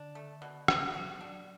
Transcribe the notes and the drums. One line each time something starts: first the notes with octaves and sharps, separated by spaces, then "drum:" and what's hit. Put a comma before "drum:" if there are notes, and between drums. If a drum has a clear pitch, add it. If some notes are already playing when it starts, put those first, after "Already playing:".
Already playing: D3 D4
A3
B2
B2, drum: rim click
F#3 F#4
D4